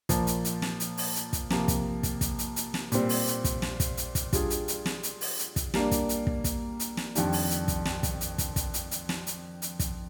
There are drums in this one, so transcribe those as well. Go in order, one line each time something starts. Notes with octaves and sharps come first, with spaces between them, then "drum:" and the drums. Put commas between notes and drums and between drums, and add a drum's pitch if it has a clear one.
A#2 F3 A#3, drum: kick, hi-hat
drum: hi-hat
drum: hi-hat
drum: snare
drum: hi-hat
drum: open hi-hat
drum: hi-hat
drum: kick, hi-hat
C3 F3 A#3, drum: snare
drum: kick, hi-hat
drum: kick, hi-hat
drum: kick, hi-hat
drum: hi-hat
drum: hi-hat
drum: snare
A#2 G3 C4, drum: hi-hat
drum: open hi-hat
drum: hi-hat
drum: kick, hi-hat
drum: snare
drum: kick, hi-hat
drum: hi-hat
drum: kick, hi-hat
G3 D4 F4 G#4, drum: kick, hi-hat
drum: hi-hat
drum: hi-hat
drum: snare
drum: hi-hat
drum: open hi-hat
drum: hi-hat
drum: kick, hi-hat
G3 A#3 D4, drum: snare
drum: kick, hi-hat
drum: hi-hat
drum: kick
drum: kick, hi-hat
drum: hi-hat
drum: snare
F2 D#3 G3 D4, drum: hi-hat
drum: open hi-hat
drum: hi-hat
drum: kick, hi-hat
drum: snare
drum: kick, hi-hat
drum: hi-hat
drum: kick, hi-hat
drum: kick, hi-hat
drum: hi-hat
drum: hi-hat
drum: snare
drum: hi-hat
drum: hi-hat
drum: kick, hi-hat